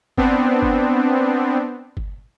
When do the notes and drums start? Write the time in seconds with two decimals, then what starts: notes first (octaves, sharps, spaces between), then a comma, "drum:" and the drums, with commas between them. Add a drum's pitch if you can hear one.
0.17 B3 C4 D4, drum: kick G1
0.62 drum: kick G1
1.97 drum: kick G1